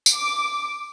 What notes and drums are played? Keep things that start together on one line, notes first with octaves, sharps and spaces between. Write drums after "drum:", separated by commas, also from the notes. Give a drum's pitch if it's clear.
drum: tambourine
D6